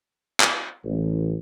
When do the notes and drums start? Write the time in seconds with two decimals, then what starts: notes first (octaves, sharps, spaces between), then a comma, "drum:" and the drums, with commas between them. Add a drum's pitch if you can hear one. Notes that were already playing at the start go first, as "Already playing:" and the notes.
0.40 drum: clap
0.84 A1